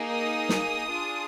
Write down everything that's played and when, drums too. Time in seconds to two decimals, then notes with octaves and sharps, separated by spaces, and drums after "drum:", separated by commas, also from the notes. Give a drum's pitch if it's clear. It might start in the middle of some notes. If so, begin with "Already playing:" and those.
Already playing: A#3 D#4 G#4
0.09 D#6
0.49 drum: snare
0.90 D4 F4 G#4